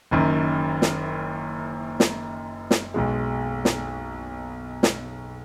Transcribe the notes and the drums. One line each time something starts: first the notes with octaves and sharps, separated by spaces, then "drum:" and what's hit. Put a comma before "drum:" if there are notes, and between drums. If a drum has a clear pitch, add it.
F#1 F#2 D#3
drum: snare
drum: snare
drum: snare
B1 B2 G#3
drum: snare
drum: snare